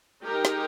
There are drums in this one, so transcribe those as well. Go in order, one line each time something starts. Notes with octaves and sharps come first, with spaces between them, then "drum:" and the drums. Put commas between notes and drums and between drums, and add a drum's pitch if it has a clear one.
G#3 D#4 G4 A#4
drum: snare